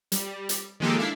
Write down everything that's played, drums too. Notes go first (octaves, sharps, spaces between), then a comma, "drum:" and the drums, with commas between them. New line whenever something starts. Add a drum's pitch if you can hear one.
G3, drum: hi-hat
drum: hi-hat
D#3 F3 G#3 A#3 G4 A4
D4 E4 E5 F5